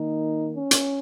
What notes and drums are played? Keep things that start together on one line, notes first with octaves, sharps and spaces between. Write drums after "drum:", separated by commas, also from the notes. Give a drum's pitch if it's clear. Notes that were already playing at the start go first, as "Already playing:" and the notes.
Already playing: D#3 A#3 D#4
C#4
drum: hi-hat